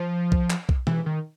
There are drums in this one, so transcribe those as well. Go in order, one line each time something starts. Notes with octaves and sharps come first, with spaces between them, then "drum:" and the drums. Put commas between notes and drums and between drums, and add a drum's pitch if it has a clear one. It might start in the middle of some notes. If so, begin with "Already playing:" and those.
Already playing: F3
drum: kick B1
drum: clap
drum: kick B1
E3, drum: tom
D#3